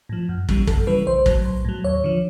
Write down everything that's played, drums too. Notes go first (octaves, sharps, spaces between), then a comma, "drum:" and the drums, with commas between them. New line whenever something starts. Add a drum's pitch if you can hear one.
A2 F3
F#2
C#3 E3 G3, drum: kick
F#2 A4, drum: kick
C#3 E3 G3 B4
B1 C5
A2 F#3, drum: kick
B1
A2 F#3
D#2 C#5
D3 F3